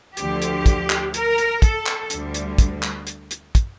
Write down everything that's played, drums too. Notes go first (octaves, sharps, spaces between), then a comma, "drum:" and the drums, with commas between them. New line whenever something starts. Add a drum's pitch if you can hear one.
D2 D3 F3 G4, drum: hi-hat
drum: hi-hat
drum: kick, hi-hat
drum: clap
A#4, drum: hi-hat
drum: hi-hat
A4, drum: kick, hi-hat
drum: clap
D2 D3 G3, drum: hi-hat
drum: hi-hat
drum: kick, hi-hat
drum: clap
drum: hi-hat
drum: hi-hat
drum: kick, hi-hat